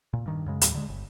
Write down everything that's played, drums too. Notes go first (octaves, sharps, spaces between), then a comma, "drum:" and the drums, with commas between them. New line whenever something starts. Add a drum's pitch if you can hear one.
A#2
G2 D#3
F#2 C#3 G#3
D#2 A2 G3, drum: hi-hat
D3 G#3
G1